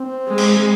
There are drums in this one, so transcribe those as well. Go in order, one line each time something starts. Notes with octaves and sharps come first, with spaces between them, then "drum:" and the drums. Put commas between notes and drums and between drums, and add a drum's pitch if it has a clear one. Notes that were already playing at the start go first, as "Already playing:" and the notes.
Already playing: C4
G#3
drum: cymbal